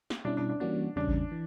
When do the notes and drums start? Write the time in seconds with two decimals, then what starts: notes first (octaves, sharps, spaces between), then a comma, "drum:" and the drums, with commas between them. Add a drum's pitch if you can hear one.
0.10 drum: snare
0.25 B2 G3 C#4 D4 E4
0.37 D4
0.49 D4
0.60 E3 G3 A#3 C#4 D4 F#4
0.96 E2 C#3 G3 C#4 D4
1.08 drum: kick G#1
1.31 E3